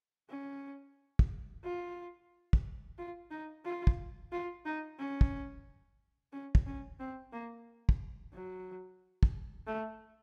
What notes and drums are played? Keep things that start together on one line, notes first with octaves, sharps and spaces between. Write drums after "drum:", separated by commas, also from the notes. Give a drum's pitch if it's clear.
C#4
drum: kick
F4
drum: kick
F4
D#4
F4
drum: kick
F4
D#4
C#4
drum: kick
C#4
drum: kick
C#4
C4
A#3
drum: kick
F#3
drum: kick
A3